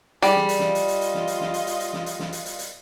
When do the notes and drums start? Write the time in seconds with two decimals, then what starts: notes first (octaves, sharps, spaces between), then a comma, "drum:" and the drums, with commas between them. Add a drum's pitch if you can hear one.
0.22 G3 G#4, drum: hi-hat
0.36 drum: snare
0.49 drum: hi-hat
0.59 F4 D#5, drum: snare
0.75 drum: hi-hat
0.88 drum: hi-hat
1.01 drum: hi-hat
1.14 drum: snare
1.27 drum: hi-hat
1.41 drum: snare
1.54 drum: hi-hat
1.67 drum: hi-hat
1.80 drum: hi-hat
1.93 drum: snare
2.06 drum: hi-hat
2.19 drum: snare
2.33 drum: hi-hat
2.46 drum: hi-hat
2.59 drum: hi-hat